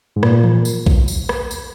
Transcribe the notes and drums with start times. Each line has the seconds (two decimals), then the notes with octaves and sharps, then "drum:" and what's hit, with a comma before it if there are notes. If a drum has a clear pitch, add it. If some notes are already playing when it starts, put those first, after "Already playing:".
0.16 G#2
0.23 A#2, drum: rim click
0.44 drum: tom E3
0.65 drum: tambourine
0.86 drum: kick A#1
1.08 drum: tambourine
1.29 drum: rim click
1.51 drum: tambourine